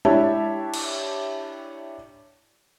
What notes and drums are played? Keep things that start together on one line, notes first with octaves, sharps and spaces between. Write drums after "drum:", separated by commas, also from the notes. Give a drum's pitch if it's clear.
D4 E4 G4 C#5 E5 A5, drum: tom G#3
drum: cymbal